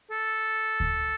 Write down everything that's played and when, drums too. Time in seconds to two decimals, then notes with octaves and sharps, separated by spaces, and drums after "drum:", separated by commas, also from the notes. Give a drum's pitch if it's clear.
0.11 A4
0.80 drum: kick D2